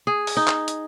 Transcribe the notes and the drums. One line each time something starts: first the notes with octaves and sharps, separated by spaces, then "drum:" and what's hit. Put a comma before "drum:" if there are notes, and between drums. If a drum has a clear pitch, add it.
G#4
drum: open hi-hat
D#4
drum: clap
drum: hi-hat